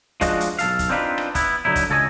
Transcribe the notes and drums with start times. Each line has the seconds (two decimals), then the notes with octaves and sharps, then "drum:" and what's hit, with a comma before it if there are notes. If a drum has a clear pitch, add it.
0.21 F3 G#3 D4 F4 F#4 D#5, drum: kick F1, hi-hat
0.40 drum: hi-hat
0.59 B1 A4 F5, drum: hi-hat
0.79 drum: kick F1, hi-hat
0.89 C4 D4 D#4 F4 B4
1.18 drum: rim click
1.35 B3 E4, drum: kick F1, hi-hat
1.65 D3 F#3 D#4 E4
1.76 drum: kick F1, hi-hat
1.90 C#2 A4 C#5 D#5 G#5